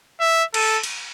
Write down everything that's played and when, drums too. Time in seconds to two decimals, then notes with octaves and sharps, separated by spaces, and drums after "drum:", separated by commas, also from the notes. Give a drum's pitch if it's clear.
0.20 E5
0.54 A4, drum: cymbal
0.83 drum: cymbal